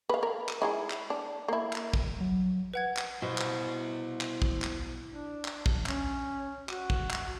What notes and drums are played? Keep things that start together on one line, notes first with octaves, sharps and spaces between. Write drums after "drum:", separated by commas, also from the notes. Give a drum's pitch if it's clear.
B4 F5
A#4
drum: clap
G#3 D#4 E4
drum: clap
D4
A#3 E4
drum: clap
drum: kick
F#3
B4 F#5 G#6
drum: clap
B2 E4 C5
drum: clap
drum: clap
drum: kick
drum: clap
D4
drum: clap
drum: kick
C#4, drum: clap
F#4, drum: clap
drum: kick
drum: clap